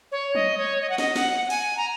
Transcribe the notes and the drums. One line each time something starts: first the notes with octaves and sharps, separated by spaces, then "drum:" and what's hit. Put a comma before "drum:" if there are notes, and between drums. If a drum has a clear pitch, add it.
C#5
D#5, drum: tom F#3
C#5
D#5
F#5
D#5, drum: snare
F#5, drum: snare
F#5
G#5, drum: open hi-hat
A#5